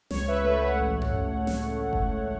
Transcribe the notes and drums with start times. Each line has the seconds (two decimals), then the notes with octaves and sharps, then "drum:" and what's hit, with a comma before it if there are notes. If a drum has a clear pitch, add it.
0.11 C#2 C#5, drum: snare
0.28 B4 E5
0.44 A3 B4 E5
0.61 C#5 F#5
0.79 A1
1.02 drum: tom F#2
1.12 A1
1.47 drum: snare
1.93 drum: kick F#1